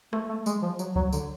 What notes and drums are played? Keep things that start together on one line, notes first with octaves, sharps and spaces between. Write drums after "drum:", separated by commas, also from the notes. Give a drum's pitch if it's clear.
A3, drum: rim click
A3
G#3, drum: tambourine
F3
F#3, drum: tambourine
F#3, drum: kick C2
D3, drum: tambourine